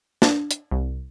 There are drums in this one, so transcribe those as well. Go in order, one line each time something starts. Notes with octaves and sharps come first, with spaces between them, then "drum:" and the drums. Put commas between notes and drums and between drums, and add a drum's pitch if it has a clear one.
D4, drum: snare
drum: hi-hat
C2